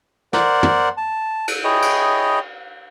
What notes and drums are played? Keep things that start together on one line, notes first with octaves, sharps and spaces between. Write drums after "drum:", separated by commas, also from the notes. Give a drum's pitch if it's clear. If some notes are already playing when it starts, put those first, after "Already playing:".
A#4 C5 D5 F#5, drum: snare
drum: tom
A5
drum: cymbal
E4 G#4 C#5 D#5 G5
drum: cymbal